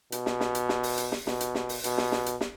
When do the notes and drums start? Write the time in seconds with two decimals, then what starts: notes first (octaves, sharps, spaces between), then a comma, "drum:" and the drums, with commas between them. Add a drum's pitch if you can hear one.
0.12 B2, drum: hi-hat
0.26 drum: snare
0.40 drum: snare
0.55 drum: hi-hat
0.69 drum: snare
0.83 drum: open hi-hat
0.98 drum: hi-hat
1.12 drum: snare
1.27 B2, drum: snare
1.41 drum: hi-hat
1.55 drum: snare
1.69 drum: open hi-hat
1.84 B2, drum: hi-hat
1.98 drum: snare
2.12 drum: snare
2.26 drum: hi-hat
2.41 drum: snare